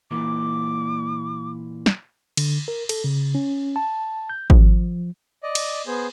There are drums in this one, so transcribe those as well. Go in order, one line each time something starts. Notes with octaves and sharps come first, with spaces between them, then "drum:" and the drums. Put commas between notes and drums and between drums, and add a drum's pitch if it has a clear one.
A#2 E3 A#3 D6
drum: snare
D3, drum: cymbal
A#4
A4, drum: cymbal
C#3
C#4
A5
G6
F3, drum: kick G#1
D5 D#5
drum: cymbal
B3 G#4 C5